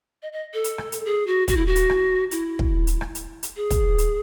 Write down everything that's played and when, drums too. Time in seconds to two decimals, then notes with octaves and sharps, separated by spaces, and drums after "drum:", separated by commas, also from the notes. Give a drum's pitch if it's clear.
0.23 D#5
0.33 D#5
0.54 A4
0.64 drum: hi-hat
0.78 drum: rim click
0.92 drum: hi-hat
1.05 G#4
1.27 F#4
1.48 F#4, drum: kick, hi-hat
1.57 E4
1.66 F#4
1.76 drum: hi-hat
1.90 drum: rim click
2.31 E4, drum: hi-hat
2.59 drum: kick
2.87 drum: hi-hat
3.01 drum: rim click
3.15 drum: hi-hat
3.43 drum: hi-hat
3.56 G#4
3.71 drum: kick, hi-hat
3.98 drum: hi-hat